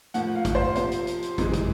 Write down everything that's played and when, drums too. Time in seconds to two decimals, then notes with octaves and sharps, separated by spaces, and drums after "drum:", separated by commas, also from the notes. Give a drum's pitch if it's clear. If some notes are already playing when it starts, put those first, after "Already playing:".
0.14 A2 F3 A#3 F#5, drum: hi-hat
0.35 F5
0.45 drum: kick, hi-hat
0.55 C5
0.75 C3 F3 A#3 C5, drum: hi-hat
0.91 drum: hi-hat
1.07 drum: hi-hat
1.22 drum: hi-hat
1.38 C3 E3 G#3, drum: kick, hi-hat
1.54 drum: kick, hi-hat